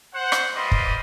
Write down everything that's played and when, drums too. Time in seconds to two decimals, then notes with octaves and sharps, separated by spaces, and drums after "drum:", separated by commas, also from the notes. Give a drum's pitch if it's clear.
0.14 C5 F#5
0.32 drum: rim click
0.55 G3 A#3 B4 C5 D#5 C6
0.72 drum: kick